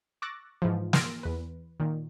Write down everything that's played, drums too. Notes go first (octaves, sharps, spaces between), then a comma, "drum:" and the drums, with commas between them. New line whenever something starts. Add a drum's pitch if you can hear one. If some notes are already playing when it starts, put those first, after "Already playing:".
C#6 D6 E6 F#6 A6 A#6
G#2 E3 F3
C6 E6 F6 A6 A#6 D7, drum: snare
E2 B4
A#2 D#3